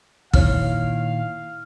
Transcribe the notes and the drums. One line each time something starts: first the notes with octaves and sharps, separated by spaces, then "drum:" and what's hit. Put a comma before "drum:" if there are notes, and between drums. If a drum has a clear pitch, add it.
A#2 D#3 E4 C#5 F5 F6, drum: kick